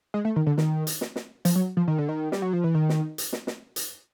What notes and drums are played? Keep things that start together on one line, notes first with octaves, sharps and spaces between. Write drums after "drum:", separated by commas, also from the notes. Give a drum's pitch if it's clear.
G#3
A3
D#3
D3
D#3, drum: snare
drum: hi-hat
drum: snare
drum: snare
F3, drum: hi-hat
F#3
F3
D#3
D3
D#3
G3, drum: snare
F#3
F3
E3
D#3
drum: snare
drum: hi-hat
drum: snare
drum: snare
drum: hi-hat